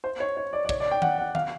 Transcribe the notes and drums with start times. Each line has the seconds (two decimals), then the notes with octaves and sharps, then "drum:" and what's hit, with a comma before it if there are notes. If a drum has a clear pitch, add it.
0.04 C5
0.20 C#5
0.37 C#5
0.53 D5
0.65 D5
0.69 C#5, drum: kick
0.80 D5
0.91 G5
1.02 F#5, drum: tom D#3
1.18 F#5
1.35 F5, drum: tom D#3